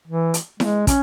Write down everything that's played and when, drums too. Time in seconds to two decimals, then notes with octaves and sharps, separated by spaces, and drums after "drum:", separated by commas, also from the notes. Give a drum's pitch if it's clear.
0.07 E3
0.34 drum: hi-hat
0.60 G#3, drum: snare E4
0.87 C#4, drum: kick, hi-hat